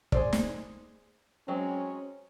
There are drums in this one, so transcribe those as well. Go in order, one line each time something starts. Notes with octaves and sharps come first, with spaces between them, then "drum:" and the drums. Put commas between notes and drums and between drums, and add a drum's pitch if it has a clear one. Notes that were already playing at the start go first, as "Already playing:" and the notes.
G#4 C5 D5, drum: kick
drum: snare
F#3 G#3 C4 C#4